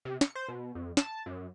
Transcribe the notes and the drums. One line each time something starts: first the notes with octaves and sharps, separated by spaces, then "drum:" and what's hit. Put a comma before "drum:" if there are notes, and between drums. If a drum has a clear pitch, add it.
C3
C#7, drum: snare
C5
B2
F2
A5, drum: snare
F#2